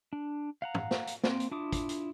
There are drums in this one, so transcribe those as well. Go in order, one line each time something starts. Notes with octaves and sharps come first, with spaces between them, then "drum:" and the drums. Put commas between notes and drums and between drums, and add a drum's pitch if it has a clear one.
D4
F5 F#5 A#5
drum: tom
drum: snare
drum: hi-hat
A#3 C4, drum: snare
drum: hi-hat
D4 E4 F4 D6 D#6
drum: kick, hi-hat
drum: hi-hat